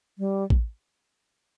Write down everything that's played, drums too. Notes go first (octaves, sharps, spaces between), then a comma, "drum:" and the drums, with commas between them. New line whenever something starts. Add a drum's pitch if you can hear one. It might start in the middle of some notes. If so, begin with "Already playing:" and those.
G3
drum: kick A1